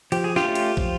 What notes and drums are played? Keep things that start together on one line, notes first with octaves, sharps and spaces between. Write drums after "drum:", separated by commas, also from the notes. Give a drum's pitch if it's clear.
F3 G4, drum: cymbal
G#4
F4 G4, drum: snare
A3 C#4
drum: cymbal
F3, drum: kick